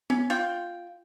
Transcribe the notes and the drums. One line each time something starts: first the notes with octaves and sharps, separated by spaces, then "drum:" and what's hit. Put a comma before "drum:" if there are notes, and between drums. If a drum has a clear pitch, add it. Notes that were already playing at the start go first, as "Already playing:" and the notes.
C#4, drum: tom B3
F4 G5